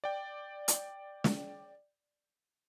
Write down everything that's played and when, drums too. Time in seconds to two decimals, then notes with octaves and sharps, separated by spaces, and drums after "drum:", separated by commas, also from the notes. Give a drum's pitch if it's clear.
0.04 D5 G5
0.68 drum: hi-hat
1.24 drum: snare